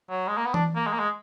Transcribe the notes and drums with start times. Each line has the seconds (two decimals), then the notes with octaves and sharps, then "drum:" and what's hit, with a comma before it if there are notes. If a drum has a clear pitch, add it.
0.10 F#3
0.28 G#3
0.37 A#3
0.46 B3
0.54 D4, drum: tom E3
0.75 A#3
0.87 G#3
0.93 A#3
0.99 G#3